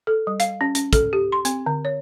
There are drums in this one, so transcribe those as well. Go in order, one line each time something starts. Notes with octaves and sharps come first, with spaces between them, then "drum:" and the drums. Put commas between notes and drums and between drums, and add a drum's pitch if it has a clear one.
A4
G3
F5, drum: hi-hat
C#4
C#4, drum: hi-hat
A4, drum: kick, hi-hat
G4
C6
C4, drum: hi-hat
D3
C#5